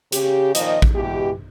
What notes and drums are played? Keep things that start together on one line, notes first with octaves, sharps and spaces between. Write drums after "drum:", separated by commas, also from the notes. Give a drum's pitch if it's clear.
C#3 G4, drum: hi-hat
A#2 D#3 F3 D#5, drum: hi-hat
drum: kick
B2 E3 G#3 G4